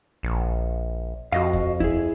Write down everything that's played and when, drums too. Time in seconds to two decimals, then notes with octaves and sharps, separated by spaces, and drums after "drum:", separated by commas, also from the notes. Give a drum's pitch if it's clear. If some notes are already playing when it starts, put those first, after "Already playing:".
0.23 A#1
1.32 F2 F#4 D#5 F5
1.53 drum: kick D#2
1.80 E4 G#4, drum: kick D#2